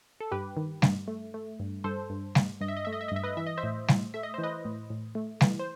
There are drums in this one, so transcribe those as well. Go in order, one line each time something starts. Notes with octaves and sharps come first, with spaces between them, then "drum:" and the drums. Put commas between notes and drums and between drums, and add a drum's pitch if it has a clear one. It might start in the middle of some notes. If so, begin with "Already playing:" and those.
A4
G2 G4 B4
D#3
G2, drum: snare
A3
A3
G2
G2 A4 C5
G2
G2, drum: snare
G2 D#5
E5
D#5
A3 E5
D#5
E5
D#5
G2 E5
B4 D#5
E3 E5
D#5
C5 E5
A2
A2, drum: snare
A3 E5
D#5
E3 C5
B4 D#5
A2
A2
A3
E3, drum: snare
C5